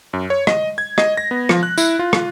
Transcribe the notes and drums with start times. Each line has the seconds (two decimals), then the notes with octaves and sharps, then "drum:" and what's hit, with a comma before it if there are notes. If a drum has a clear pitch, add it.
0.13 F#2
0.30 C#5
0.47 D#5, drum: rim click
0.78 G#6
0.98 D#5, drum: rim click
1.17 A#6
1.31 B3
1.49 F3, drum: rim click
1.63 F#6
1.78 E4, drum: tambourine
1.99 F4
2.13 drum: rim click